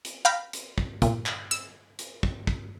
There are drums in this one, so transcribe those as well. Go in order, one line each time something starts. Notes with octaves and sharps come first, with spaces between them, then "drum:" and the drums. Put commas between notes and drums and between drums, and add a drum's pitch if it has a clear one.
drum: hi-hat
F5 G5 A#5 B5 F6
drum: hi-hat
drum: kick
A#2, drum: kick, hi-hat
drum: clap
E6, drum: hi-hat
drum: hi-hat
drum: kick
drum: kick